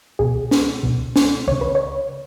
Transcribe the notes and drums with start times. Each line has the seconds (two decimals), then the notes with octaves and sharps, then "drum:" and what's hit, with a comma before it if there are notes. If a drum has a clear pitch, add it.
0.19 C#2 B2 G#4
0.51 drum: snare
0.83 C#2 B2
1.16 drum: snare
1.48 C#2 C#3 C#5
1.61 B4
1.75 C#5